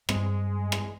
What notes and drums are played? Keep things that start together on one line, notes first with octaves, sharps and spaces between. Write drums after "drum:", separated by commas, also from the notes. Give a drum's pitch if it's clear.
G2 G#3 C4, drum: rim click
drum: rim click